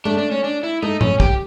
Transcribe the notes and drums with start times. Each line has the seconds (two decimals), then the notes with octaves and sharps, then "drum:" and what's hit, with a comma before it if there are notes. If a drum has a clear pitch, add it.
0.05 A3 D4
0.18 D4
0.31 C#4
0.44 D4
0.63 E4
0.82 A3 D#4
1.01 C#4, drum: tom
1.20 G4, drum: kick